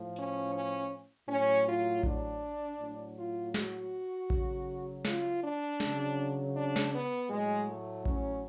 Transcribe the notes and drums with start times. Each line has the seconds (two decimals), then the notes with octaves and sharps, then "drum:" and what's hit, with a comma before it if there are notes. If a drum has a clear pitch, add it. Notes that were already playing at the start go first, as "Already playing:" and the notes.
Already playing: A2 F3
0.16 C#4, drum: hi-hat
0.54 C#4
1.28 A2 F#3 C#4
1.67 F4
2.03 D4, drum: kick A1
2.79 A2 F#3
3.17 F4
3.54 F#4, drum: snare
4.30 C#3 F#3, drum: kick A1
5.05 F4, drum: snare
5.42 D4
5.80 C#3 F#3, drum: snare
6.55 D4
6.76 drum: snare
6.92 B3
7.30 A2 F#3 G#3
7.68 A3
8.06 C#4, drum: kick A1